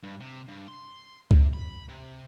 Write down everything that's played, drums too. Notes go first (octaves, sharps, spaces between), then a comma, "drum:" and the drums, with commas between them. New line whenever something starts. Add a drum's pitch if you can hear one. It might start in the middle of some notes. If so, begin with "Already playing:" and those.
G2
C3
G2
C6
C3, drum: kick C#2
B5
C3